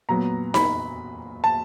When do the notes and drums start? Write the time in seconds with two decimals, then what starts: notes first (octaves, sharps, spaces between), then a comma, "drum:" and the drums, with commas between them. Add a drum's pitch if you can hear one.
0.09 A#2 F#3 B3 A#5
0.54 B5, drum: snare D#4
1.44 A5